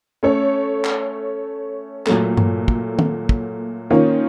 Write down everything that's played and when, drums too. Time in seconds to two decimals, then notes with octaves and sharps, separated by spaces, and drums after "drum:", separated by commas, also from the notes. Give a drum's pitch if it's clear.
0.23 A3 C#4 A4 C#5
0.84 drum: clap
2.06 A#2 F#3 A3, drum: clap
2.37 drum: tom G2
2.68 drum: kick
2.99 drum: tom
3.29 drum: kick
3.90 D#3 A#3 C#4 F4